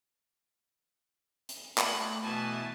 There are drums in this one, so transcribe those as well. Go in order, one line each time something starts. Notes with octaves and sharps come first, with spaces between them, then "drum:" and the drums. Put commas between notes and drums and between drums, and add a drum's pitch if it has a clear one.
drum: hi-hat
A3 F#6, drum: clap
B2 E3 G#5 A5